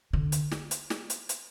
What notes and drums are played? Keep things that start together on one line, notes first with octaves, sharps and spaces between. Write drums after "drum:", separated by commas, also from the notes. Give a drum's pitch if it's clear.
D3
drum: hi-hat
drum: snare
drum: hi-hat
drum: snare
drum: hi-hat
drum: hi-hat